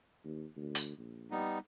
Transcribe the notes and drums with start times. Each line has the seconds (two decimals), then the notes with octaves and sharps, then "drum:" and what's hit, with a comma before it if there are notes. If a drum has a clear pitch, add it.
0.25 D#2
0.57 D2
0.75 drum: hi-hat
0.98 A#1
1.31 G3 B3 D#4